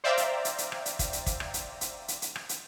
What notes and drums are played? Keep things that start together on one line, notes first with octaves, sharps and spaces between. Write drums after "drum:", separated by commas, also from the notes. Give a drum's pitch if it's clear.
C5 D5 E5 F5 G5 A#5
drum: hi-hat
drum: hi-hat
drum: hi-hat
drum: rim click
drum: hi-hat
drum: kick, hi-hat
drum: hi-hat
drum: kick, hi-hat
drum: rim click
drum: hi-hat
drum: hi-hat
drum: hi-hat
drum: hi-hat
drum: rim click
drum: hi-hat